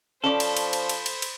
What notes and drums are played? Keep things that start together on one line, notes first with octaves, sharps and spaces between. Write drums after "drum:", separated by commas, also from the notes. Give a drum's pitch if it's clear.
F3 C#4 A4 C5 D5 B5
drum: cymbal
drum: cymbal
drum: cymbal
drum: cymbal
drum: cymbal
drum: cymbal